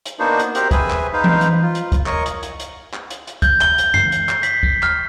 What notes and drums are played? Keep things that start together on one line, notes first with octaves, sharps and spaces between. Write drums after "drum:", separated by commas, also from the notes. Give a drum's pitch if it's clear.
drum: hi-hat
A#3 B3 D4 D#4 F#4 C5
drum: hi-hat
C4 G4 A#4 C5, drum: hi-hat
G#4 B4 E5 G#5, drum: kick, hi-hat
drum: clap
D#4 B4 C5 F5
drum: tom E3
drum: hi-hat
F4
drum: hi-hat
drum: kick, hi-hat
A#4 C#5 D#5 C#6, drum: clap
drum: hi-hat
drum: hi-hat
drum: hi-hat
drum: clap
drum: hi-hat
drum: hi-hat
G6, drum: kick, hi-hat
G7, drum: clap
drum: hi-hat
C7, drum: tom F#2
drum: hi-hat
drum: clap
B6, drum: hi-hat
drum: kick
F6, drum: clap